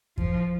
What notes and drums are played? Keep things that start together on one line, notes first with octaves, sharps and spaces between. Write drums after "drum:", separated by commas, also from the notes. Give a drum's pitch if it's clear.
F3, drum: kick